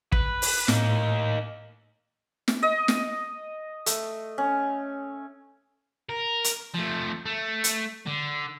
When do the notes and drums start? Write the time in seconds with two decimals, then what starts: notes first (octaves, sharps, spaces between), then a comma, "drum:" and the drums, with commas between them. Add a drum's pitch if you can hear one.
0.12 B4, drum: kick
0.42 drum: open hi-hat
0.68 A2 A#3 D#4, drum: snare
2.48 drum: snare
2.63 D#5
2.88 drum: snare
3.86 A3, drum: hi-hat
4.38 C#4
6.09 A#4
6.44 drum: hi-hat
6.74 F3 A3
7.26 A3
7.64 drum: hi-hat
8.07 D3